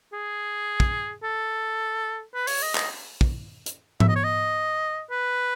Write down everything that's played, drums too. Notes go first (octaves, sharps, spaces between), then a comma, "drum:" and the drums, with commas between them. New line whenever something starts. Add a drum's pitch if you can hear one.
G#4
drum: kick
A4
B4
C#5, drum: open hi-hat
D#5
D#5, drum: clap
drum: kick
drum: hi-hat
E5, drum: tom G#2
D#5
C#5
D#5
B4